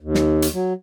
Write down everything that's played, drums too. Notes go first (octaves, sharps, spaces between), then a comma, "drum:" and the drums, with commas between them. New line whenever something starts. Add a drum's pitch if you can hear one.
D#2
drum: snare
drum: hi-hat
F#3